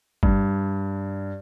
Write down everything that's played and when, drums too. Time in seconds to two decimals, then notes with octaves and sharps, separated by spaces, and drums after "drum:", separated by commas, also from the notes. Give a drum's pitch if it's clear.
0.23 G2, drum: kick